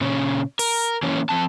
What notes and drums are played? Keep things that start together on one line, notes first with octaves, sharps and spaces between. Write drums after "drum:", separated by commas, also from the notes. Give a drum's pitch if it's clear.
A#2 C#3 C#4
A#4, drum: open hi-hat
E3 A#3 C#4
F3 C4 A5